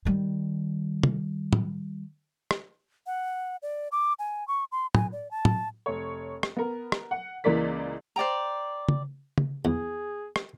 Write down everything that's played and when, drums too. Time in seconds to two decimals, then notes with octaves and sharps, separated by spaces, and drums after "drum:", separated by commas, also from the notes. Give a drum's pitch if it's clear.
0.05 D#3 G3
1.03 drum: tom
1.53 drum: tom
2.51 drum: rim click
3.06 F#5
3.62 D5
3.92 D6
4.19 G#5
4.48 C#6
4.72 C6
4.95 G#5, drum: tom
5.12 D5
5.31 A5
5.45 drum: tom
5.86 F1 C#5
6.43 drum: rim click
6.57 B3 A#4
6.92 drum: rim click
7.11 F#5
7.44 C#2 E3 A#3 A#4 D5 B6
8.16 C5 D5 G5 A#5
8.89 drum: tom C#3
9.38 drum: tom C#3
9.65 E2 G#4
10.36 drum: rim click